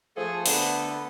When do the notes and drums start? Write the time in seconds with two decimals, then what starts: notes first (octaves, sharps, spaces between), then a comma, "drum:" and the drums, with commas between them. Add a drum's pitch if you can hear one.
0.17 F3 A3 G#4 A4
0.46 D3 B3, drum: open hi-hat